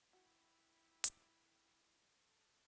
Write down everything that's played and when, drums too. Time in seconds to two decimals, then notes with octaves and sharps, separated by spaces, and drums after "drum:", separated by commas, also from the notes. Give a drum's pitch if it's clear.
0.13 E4 F#4 G5 B5 E6
1.04 drum: hi-hat
2.26 A4